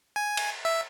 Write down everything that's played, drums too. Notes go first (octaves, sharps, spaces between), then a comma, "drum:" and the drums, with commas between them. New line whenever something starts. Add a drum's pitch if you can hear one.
G#5
drum: cymbal
E5